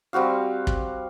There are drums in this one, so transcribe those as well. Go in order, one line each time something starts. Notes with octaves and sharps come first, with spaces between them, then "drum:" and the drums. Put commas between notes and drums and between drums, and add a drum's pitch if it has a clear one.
G3 C4 F#4 F5
drum: kick